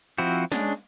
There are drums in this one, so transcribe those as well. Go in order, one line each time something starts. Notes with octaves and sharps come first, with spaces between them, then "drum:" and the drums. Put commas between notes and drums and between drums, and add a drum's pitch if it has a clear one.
F3 C4 E4 F#4
G#3 C#4 D4, drum: snare